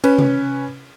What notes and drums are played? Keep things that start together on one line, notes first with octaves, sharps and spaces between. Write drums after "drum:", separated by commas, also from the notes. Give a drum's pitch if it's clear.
C#4 B4, drum: cymbal
drum: tom C3